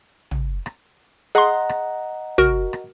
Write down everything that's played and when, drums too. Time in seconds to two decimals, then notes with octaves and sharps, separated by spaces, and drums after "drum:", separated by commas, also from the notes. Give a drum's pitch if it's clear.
0.31 drum: tom
0.66 drum: rim click
1.35 G#4 D#5 F#5 A#5 C6
1.69 drum: rim click
2.38 F#4 A#4, drum: tom
2.73 drum: rim click